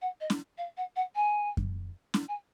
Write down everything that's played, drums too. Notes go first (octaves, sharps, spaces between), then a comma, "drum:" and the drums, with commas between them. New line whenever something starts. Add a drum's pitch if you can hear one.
F#5
D#5
drum: snare
F5
F#5
F#5
G#5
drum: kick F#2
drum: snare
G#5